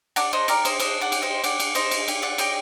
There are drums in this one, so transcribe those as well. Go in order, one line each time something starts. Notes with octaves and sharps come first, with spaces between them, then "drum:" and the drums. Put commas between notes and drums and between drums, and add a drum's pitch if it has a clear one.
D4 D5 F#5, drum: cymbal
C5 D#5
G4 A#4 D5, drum: cymbal
C5 D#5, drum: cymbal
D4 C5 D#5, drum: cymbal
D5 F#5
G4, drum: cymbal
C5 D#5
G4 D5 F#5, drum: cymbal
drum: cymbal
G4 C5 D#5, drum: cymbal
drum: cymbal
G4, drum: cymbal
D5 F#5
G4 D#5 G5, drum: cymbal